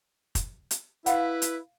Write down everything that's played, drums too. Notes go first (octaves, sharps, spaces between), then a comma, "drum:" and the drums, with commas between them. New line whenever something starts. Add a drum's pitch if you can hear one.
drum: kick, hi-hat
drum: hi-hat
E4 B4 F5 F#5, drum: hi-hat
drum: hi-hat